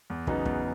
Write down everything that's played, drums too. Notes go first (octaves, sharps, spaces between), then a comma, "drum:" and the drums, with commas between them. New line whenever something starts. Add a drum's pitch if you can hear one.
E2
C#3 F#3 B3 D#4, drum: kick
E2, drum: kick